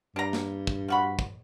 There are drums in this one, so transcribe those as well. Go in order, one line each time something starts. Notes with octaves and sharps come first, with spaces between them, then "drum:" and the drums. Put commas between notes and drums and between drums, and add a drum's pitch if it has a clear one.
G2 D4 A#5
drum: snare
drum: kick
F3 F#4 B5
drum: kick